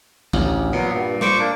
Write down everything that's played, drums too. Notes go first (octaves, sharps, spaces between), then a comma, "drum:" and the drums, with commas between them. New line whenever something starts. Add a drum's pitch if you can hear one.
A1 D2, drum: kick
A#2 F#3 B3
G2
C5 C#6 D6, drum: snare
A#3 D4